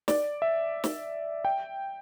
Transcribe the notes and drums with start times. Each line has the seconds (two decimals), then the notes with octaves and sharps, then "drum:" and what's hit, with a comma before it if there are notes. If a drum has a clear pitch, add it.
0.08 D5, drum: snare
0.42 E5
0.84 drum: snare
1.45 G5